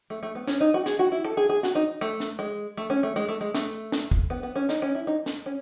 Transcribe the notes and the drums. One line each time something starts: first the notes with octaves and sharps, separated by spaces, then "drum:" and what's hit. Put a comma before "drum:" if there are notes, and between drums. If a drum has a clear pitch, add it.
A3
A3
B3
C#4, drum: snare
D#4
F#4
G#4, drum: snare
F#4
E4
A4
G#4
G#4
F#4, drum: snare
D#4
A3
drum: snare
G#3
A3
C#4
A3
G#3
A3
G#3
A3, drum: snare
drum: snare
drum: kick
B3
B3
C#4
D#4, drum: snare
C#4
E4
D#4
drum: snare
C#4